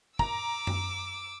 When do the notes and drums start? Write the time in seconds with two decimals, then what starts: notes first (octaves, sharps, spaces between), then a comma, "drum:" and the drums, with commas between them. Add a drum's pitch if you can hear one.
0.19 A#5 D6 E6, drum: kick
0.67 drum: tom F#2